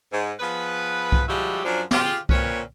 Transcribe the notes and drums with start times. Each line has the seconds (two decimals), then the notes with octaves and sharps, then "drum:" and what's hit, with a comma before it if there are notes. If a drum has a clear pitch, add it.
0.11 G#2
0.40 F3 B3 G#4 B4
1.12 drum: kick C2
1.27 F3 G3 G#3 E4 F#4 G4
1.63 F#2 F3 D4
1.91 F4 G4 G#4, drum: snare
2.29 A#2 A#3 C4 C#4 B4 C#5, drum: kick C2